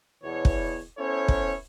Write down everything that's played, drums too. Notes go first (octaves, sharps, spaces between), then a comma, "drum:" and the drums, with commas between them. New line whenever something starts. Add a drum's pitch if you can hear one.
E2 B2 E3 C#5
drum: kick
B3 C#4 E4 A4 C5 C#5
drum: kick